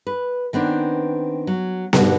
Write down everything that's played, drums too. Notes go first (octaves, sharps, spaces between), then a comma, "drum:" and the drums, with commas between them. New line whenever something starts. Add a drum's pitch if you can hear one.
B4
D#3 B3 C4 D4
F#3
G2 B2 D3 D#3 G3, drum: snare B3